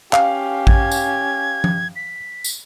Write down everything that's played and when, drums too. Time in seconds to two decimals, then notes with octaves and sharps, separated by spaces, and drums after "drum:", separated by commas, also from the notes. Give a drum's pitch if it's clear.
0.13 C#4 G4 F5, drum: clap
0.67 G#6, drum: kick A1
0.91 drum: tambourine
1.64 drum: tom F3
1.96 B6
2.44 drum: tambourine